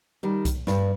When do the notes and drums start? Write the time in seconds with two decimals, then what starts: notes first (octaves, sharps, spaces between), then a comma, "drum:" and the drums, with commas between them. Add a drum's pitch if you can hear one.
0.23 D#3 G3
0.45 drum: kick B1, hi-hat
0.67 G2, drum: snare